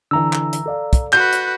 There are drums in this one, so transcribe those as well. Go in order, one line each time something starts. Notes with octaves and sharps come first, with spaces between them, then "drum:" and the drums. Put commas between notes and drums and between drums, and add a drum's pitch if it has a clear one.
D3 E3 A#5 E6
drum: clap
drum: hi-hat
A4 D5 F5
drum: kick, hi-hat
F#4 B4 G6, drum: clap
drum: hi-hat